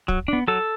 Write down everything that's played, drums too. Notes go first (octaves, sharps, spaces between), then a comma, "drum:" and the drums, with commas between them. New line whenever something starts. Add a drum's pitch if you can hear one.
F#3, drum: kick
B3 D4
F#3 A4